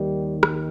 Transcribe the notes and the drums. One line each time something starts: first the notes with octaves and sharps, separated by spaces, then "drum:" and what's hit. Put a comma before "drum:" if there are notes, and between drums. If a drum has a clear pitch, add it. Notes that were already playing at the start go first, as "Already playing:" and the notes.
Already playing: D#2 D#3 G3
drum: rim click